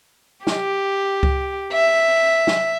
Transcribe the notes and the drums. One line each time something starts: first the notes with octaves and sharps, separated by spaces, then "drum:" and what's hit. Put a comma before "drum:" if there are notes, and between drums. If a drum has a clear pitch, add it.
G4, drum: snare
drum: kick C#2
E5
drum: snare